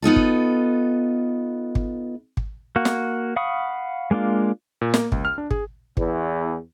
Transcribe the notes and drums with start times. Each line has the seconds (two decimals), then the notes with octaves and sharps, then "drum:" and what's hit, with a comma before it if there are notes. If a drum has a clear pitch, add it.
0.02 B3 D#4 F4 A4
0.16 drum: kick
1.75 drum: kick
2.37 drum: kick
2.76 A#3 F#4
2.85 drum: snare
3.36 F5 F#5 B5 C#6 D#6
4.11 G#3 A#3 D4 F4
4.81 A#2
4.94 A#3, drum: snare
5.12 C#2, drum: kick
5.25 F6
5.38 D4
5.51 G#4, drum: kick
5.97 E2, drum: kick